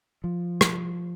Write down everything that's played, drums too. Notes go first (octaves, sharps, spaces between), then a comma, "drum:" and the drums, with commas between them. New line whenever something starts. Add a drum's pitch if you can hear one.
F3
drum: rim click